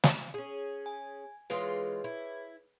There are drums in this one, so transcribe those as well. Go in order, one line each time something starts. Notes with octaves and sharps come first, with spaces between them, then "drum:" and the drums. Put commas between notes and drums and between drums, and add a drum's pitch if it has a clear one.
drum: snare
C#4 G#4
G#5
E3 G#3 F4 G#4 B4 C#5
E4